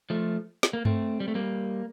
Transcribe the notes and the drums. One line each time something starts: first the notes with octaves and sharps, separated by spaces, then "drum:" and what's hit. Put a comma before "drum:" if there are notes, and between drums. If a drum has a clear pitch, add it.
F3 A3
drum: snare
A#3
A3 C4, drum: tom G2
G3
A3
G3 A#3